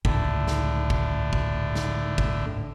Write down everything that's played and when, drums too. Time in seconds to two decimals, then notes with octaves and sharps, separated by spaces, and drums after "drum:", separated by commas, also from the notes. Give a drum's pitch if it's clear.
0.05 C#2 A2 D3, drum: kick
0.47 drum: snare
0.90 drum: kick
1.33 drum: kick
1.75 drum: snare
2.18 drum: kick